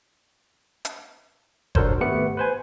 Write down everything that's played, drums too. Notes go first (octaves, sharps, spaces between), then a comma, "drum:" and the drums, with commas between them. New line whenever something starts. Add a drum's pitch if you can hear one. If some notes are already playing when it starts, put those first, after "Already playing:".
drum: hi-hat
D4 F#4 A4 A#4 C5 C#5, drum: kick F#1
G#1 A3 B3 G4 B4 C#7
B4 C5 G#5